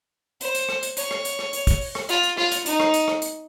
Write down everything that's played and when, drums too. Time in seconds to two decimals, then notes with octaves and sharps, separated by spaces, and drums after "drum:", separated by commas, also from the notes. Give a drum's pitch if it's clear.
0.41 C5, drum: hi-hat
0.55 drum: hi-hat
0.69 drum: rim click
0.83 drum: hi-hat
0.97 C#5, drum: hi-hat
1.11 drum: rim click
1.25 drum: hi-hat
1.39 drum: rim click
1.53 drum: hi-hat
1.67 drum: kick, hi-hat
1.81 drum: open hi-hat
1.95 drum: rim click
2.09 F4, drum: hi-hat
2.23 drum: hi-hat
2.37 F4, drum: rim click
2.52 drum: hi-hat
2.66 D#4, drum: hi-hat
2.80 drum: rim click
2.94 drum: hi-hat
3.08 drum: rim click
3.22 drum: hi-hat